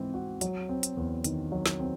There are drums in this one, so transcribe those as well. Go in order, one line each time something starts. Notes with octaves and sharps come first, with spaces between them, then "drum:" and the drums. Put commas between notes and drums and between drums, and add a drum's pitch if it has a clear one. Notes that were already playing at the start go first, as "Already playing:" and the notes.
Already playing: G#2 E3 C4
F#4
F#3, drum: hi-hat
C4
drum: hi-hat
E2
D#3, drum: hi-hat
F#3
drum: snare
C4